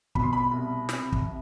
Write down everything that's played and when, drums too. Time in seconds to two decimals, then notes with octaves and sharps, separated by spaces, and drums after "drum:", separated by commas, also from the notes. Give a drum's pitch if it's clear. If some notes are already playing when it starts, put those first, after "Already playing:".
0.15 B2 B5, drum: kick
0.23 C6
0.33 B5
0.51 C2
0.89 C3, drum: snare
1.12 drum: kick
1.25 C3